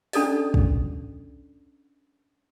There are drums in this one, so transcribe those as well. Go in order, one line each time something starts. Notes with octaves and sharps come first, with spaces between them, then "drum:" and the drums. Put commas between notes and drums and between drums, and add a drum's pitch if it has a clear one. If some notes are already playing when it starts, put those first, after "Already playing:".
C#4 D4 A4 D5 D#5, drum: open hi-hat
drum: kick